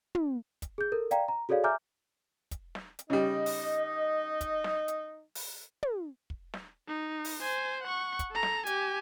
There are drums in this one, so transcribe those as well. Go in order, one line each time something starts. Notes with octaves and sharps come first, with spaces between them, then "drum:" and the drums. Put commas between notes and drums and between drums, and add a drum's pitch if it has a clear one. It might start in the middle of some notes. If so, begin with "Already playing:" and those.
drum: tom
drum: kick, hi-hat
G#4 G6
A4 A#4
D5 F5 G5 A#5, drum: hi-hat
A#5
F#4 G#4 A4 C#5 D5 F5
E5 G#5 A#5 D6 F6 G6
drum: kick, hi-hat
drum: snare
drum: hi-hat
C#3 G3 D#4 D#5
drum: open hi-hat
drum: kick, hi-hat
drum: snare
drum: hi-hat
drum: open hi-hat
drum: tom
drum: kick
drum: snare
D#4
drum: open hi-hat
C5 G#5
F#5 C#6
drum: kick, hi-hat
A4 A#5
drum: snare
G4 G#5, drum: hi-hat